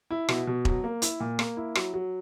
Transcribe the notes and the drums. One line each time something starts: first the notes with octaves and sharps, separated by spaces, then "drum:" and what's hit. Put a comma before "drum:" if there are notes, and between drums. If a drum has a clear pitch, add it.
E4
B2, drum: rim click
B2
F#3, drum: kick E1
A#3
E4, drum: hi-hat
A#2
A#3, drum: rim click
E4
F#3, drum: rim click
F#3